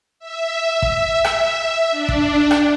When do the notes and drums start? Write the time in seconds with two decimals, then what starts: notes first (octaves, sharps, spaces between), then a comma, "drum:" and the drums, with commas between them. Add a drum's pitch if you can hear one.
0.19 E5
0.82 drum: kick
1.24 drum: rim click
1.90 D4
2.09 drum: kick
2.51 drum: rim click